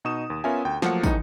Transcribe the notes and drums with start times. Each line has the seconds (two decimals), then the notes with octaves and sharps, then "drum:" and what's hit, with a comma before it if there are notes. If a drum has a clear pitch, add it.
0.05 B2 D#4 C#6 D#6 E7
0.30 D#2
0.44 B3 C#4 F4 A#4 E5 G#5
0.65 D2 G5
0.82 F3 F#3 A3 A#3 F#5 C#7, drum: snare
1.03 C2 A2 E3 D#4, drum: kick, tambourine